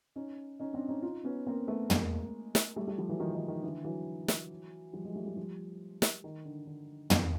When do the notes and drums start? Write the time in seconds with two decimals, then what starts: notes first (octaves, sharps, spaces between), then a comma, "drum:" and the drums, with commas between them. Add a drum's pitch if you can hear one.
0.16 C#4 D#4
0.59 C#4 D#4
0.74 C4 D4
0.89 C#4 D#4
1.02 D#4 F4
1.24 B3 C#4
1.47 A#3 C4
1.68 A3 B3
1.90 G#3 A#3, drum: tom
2.55 drum: snare
2.76 G3 A3
2.87 G3 A3
2.98 F3 G3
3.09 E3 F#3
3.20 D#3 F3
3.34 D#3
3.48 D#3
3.63 D3 E3
3.84 E3 F#3
4.28 drum: snare
4.93 F3 G3
5.04 F#3 G#3
5.15 G3 A3
5.26 G3 A3
5.36 F3 G3
6.02 drum: snare
6.24 D#3
6.45 D3
6.67 D3
7.10 D#3, drum: tom